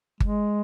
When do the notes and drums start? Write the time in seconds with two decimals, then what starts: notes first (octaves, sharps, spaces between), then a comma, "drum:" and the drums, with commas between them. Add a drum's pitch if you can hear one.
0.20 G#3, drum: kick G1